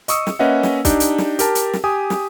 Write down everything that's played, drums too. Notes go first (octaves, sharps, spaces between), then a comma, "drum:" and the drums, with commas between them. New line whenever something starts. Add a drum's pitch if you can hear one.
D#5 C#6 D#6 E6 C#7, drum: hi-hat
drum: snare
A#3 C#4 B4 D#5 E5 F#5
drum: snare
D4 D#4 G4, drum: kick, hi-hat
drum: hi-hat
drum: snare
G4 A#4 A5, drum: hi-hat
drum: hi-hat
drum: snare
G4 G#5 D#6
drum: snare